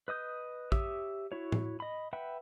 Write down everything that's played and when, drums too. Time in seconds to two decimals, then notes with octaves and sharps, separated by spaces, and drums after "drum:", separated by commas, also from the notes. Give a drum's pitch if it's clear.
0.08 B4 D#5 D#6 G6
0.72 G4 C#5 E5 D#6 E6, drum: kick
1.32 E4 F#4 C#5
1.52 drum: tom A2
1.80 D#5 B5
2.13 B4 E5 F#5 G5 B5